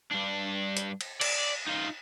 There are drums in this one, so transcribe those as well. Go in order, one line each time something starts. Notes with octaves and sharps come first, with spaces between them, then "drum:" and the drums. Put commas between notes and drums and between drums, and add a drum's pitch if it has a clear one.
G2 D4
drum: hi-hat
drum: cymbal
D5, drum: cymbal
D#4 F4